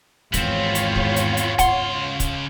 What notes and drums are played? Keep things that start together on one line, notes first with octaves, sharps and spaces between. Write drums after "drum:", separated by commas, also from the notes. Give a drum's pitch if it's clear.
G#1 E2 B3 C4 F4 C#5, drum: kick, hi-hat
drum: hi-hat
drum: kick
drum: hi-hat
drum: hi-hat
C#3 F#5 C6, drum: kick, hi-hat
drum: kick, hi-hat